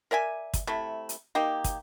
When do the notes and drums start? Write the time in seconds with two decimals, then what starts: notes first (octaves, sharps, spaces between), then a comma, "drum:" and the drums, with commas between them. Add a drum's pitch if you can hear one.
0.11 A#4 D5 E5 G#5
0.54 drum: kick, hi-hat
0.67 C3 A3 E4
1.09 drum: hi-hat
1.35 A#3 D#4 G4
1.64 drum: kick, hi-hat